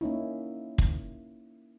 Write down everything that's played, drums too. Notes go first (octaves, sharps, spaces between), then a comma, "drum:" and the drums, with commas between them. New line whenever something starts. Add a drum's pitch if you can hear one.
A#3 C#4 D#4 E4
drum: kick